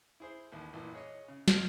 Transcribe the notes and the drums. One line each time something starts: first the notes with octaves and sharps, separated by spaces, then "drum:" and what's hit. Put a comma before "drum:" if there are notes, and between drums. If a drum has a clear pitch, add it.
E4 G#4 C5
A1 D#2
A1 A#2 E3
G#4 C#5 D#5
C#3
G2 F3 D#5 F6, drum: snare